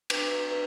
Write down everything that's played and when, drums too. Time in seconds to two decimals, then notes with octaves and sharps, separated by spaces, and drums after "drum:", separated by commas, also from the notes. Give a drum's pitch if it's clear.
0.10 B4, drum: cymbal
0.51 B4